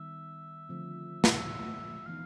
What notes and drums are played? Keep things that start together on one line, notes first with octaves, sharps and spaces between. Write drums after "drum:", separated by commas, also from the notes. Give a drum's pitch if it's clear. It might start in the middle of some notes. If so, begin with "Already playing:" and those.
Already playing: D#3 G3 B3 E5
D3 F3 A3 C4 F4
drum: snare
E5
E3 G#3 B3 D#4 F5